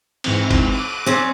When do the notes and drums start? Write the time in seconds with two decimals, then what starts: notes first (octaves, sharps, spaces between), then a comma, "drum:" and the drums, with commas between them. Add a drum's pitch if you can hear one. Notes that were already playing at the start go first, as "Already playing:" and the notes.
0.24 G#2 E3 C4, drum: cymbal
0.51 drum: kick G1, cymbal
0.72 D6 F#6 D#7
1.06 C4 C#4 D5